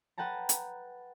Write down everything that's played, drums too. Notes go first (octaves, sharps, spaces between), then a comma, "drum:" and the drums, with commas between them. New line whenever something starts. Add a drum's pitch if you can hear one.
B4 F#5 G5 A5 A#5
drum: hi-hat